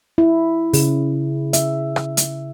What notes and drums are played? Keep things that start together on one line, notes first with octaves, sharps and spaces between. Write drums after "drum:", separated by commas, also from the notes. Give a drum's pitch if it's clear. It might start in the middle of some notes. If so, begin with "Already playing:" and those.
E4
C#3, drum: open hi-hat
E5, drum: hi-hat
drum: rim click
drum: hi-hat